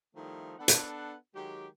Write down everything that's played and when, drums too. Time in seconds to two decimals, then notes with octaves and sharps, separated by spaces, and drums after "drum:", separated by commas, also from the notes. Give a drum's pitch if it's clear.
0.16 D#3 F3 G3 A3 D#4 E4
0.59 B3 D4 A4 F#5
0.68 drum: hi-hat
1.35 D#3 F#3 G#3 G4